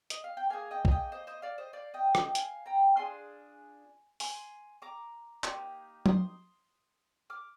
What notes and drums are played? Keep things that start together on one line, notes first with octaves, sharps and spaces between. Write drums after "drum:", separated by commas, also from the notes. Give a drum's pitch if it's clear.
D#5, drum: hi-hat
F5
G5
A#3 F4 G#4 F5 G#5
D#5 G5
F5, drum: kick
D#5 G5
C5 D#5
C5 D#5
D5 F5
C5 D#5
D5 F5
D#5 G5
D#5 G5, drum: rim click
F5 G#5, drum: hi-hat
G5 A#5
D4 F4 G#4 G#5 C6
G#5 C6, drum: open hi-hat
A#5 D6
A#3 D#4 G4, drum: clap
C6 D#6, drum: tom F#3
D6 F6